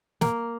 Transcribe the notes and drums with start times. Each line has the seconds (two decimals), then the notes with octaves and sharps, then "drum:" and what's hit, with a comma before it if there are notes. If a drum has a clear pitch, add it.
0.21 A#3, drum: snare